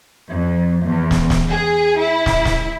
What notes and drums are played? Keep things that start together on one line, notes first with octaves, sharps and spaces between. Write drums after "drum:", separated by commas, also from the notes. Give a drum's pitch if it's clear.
F2
E2
drum: snare
drum: snare
G#4
E4
drum: snare
drum: snare